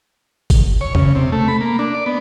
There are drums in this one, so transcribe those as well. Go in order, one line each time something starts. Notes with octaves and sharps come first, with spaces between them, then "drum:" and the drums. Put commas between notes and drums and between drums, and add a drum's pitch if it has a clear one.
drum: kick, tambourine
C#5
C#3, drum: tom E2
C3
A3
B5
A#3
D4
D5
B3